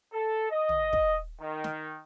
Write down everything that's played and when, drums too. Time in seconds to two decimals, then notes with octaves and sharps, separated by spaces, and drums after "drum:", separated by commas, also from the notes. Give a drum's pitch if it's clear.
0.12 A4
0.50 D#5
0.69 drum: tom
0.93 drum: kick
1.40 D#3
1.64 drum: snare